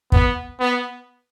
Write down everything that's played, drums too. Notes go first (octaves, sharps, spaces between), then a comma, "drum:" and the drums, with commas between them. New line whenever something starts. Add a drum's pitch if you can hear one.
B3, drum: kick
B3